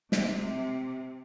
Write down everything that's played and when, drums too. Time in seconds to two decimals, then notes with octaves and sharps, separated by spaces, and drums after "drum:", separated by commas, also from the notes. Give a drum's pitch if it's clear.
0.12 C3, drum: snare